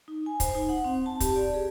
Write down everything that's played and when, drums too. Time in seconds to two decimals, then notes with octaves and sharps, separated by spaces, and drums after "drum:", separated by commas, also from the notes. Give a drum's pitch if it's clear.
0.08 D#4
0.26 G#5
0.40 C5, drum: kick, hi-hat
0.55 D#4
0.69 F#5
0.84 C4
1.06 A5
1.20 G4, drum: kick, hi-hat
1.36 D5
1.54 G#4